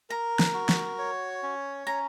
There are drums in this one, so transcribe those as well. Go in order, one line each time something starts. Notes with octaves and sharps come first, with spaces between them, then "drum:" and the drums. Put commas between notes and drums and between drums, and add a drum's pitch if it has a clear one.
A#4 A#5
drum: snare
F#4
drum: snare
C#5
C#4
C#4 A#5